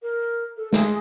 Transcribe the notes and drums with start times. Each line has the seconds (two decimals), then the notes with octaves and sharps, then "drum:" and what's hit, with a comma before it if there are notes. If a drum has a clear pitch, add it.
0.02 A#4
0.57 A4
0.73 G#3, drum: snare